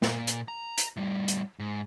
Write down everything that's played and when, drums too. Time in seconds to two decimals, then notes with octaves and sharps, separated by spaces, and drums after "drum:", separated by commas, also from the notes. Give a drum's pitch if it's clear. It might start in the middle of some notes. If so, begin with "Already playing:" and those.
0.02 A#2, drum: snare
0.27 drum: hi-hat
0.48 A#5
0.78 drum: hi-hat
0.97 A2 G3
1.28 drum: hi-hat
1.59 G#2